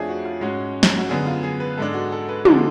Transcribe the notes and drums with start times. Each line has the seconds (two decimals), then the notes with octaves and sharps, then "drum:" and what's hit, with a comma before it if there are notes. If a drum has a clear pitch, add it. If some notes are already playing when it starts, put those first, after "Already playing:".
Already playing: F2 F3 A3 D4 G#4 C#5
0.08 F#4
0.25 F4
0.41 G#2 G#3 C#4 F#4
0.83 drum: snare
0.98 F#4
1.09 F#2 D3 G#3 B3 G#4
1.26 F4
1.43 G#4
1.60 B4
1.77 G#2 G#3 D4 A4
1.94 F#4
2.12 A4
2.29 B4
2.45 D3 F3 G#3 D4 A4, drum: tom